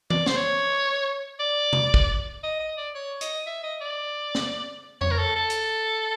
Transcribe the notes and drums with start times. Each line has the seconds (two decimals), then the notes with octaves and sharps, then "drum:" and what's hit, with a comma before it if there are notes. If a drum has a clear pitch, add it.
0.10 D5, drum: tom E3
0.26 C5, drum: snare
0.36 C#5
1.40 D5
1.73 drum: tom C3
1.94 drum: kick
2.43 D#5
2.60 D#5
2.77 D5
2.95 C#5
3.21 D#5, drum: hi-hat
3.46 E5
3.63 D#5
3.81 D5
4.35 drum: snare
5.01 C#5, drum: tom F2
5.11 A#4
5.19 A4
5.36 A4
5.50 drum: hi-hat